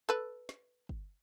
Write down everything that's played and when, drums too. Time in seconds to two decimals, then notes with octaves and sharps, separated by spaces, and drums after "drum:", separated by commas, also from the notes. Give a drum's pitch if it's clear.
0.09 A4 B4
0.49 drum: snare
0.89 drum: kick